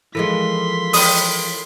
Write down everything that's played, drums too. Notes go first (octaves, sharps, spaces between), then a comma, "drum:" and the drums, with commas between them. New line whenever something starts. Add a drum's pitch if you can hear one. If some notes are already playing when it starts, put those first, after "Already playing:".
E3 F3 G#3 E4 A4 A#4 C6 B6
G5 B5 D#6, drum: open hi-hat